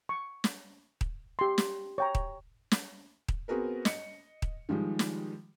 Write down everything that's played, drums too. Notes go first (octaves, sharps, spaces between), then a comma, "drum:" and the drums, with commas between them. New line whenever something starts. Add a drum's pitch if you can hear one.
C#6
drum: snare
drum: kick D#1
G4 C6
drum: snare
C#5 G5 A#5
drum: kick D#1
drum: snare
drum: kick D#1
B3 C4 F#4 G#4 A#4 B4
D#5 C#7, drum: snare
drum: kick D#1
D#3 F3 G3 G#3
drum: snare